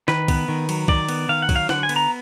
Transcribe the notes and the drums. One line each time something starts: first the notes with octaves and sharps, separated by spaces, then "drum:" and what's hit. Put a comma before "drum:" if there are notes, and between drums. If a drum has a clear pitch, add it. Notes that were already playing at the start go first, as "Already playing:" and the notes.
D#3 B4, drum: snare
B3, drum: kick C2, cymbal
D#3
F#3, drum: cymbal
D#3 D5, drum: kick C2
B3, drum: cymbal
D#3 F5
F#5
F#3, drum: kick C2, cymbal
F5
D3 F#5, drum: snare
G#5
B3, drum: cymbal
A#5